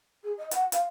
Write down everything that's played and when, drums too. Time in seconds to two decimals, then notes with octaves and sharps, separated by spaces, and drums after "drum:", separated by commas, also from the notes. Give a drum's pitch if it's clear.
0.24 G#4
0.38 D#5
0.51 F#5, drum: hi-hat
0.72 F5, drum: hi-hat